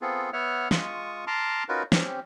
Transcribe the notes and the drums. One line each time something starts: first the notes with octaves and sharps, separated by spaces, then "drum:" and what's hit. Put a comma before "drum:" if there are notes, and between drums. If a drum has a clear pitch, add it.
B3 C4 F4 G#4 A4
B3 C#5 E5 F#5 F6
G#3 F4 C#6 D#6, drum: snare
A5 A#5 C6 D6 F6
C#4 D#4 F4 F#4 A#4 B4
C4 C#4 G4, drum: snare